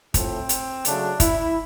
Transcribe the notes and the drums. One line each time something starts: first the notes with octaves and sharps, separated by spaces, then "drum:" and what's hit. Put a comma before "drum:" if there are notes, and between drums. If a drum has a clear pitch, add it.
A2 F3 A3 C4, drum: kick, hi-hat
drum: hi-hat
C#3 F#3 A3 D4, drum: hi-hat
E4, drum: kick, hi-hat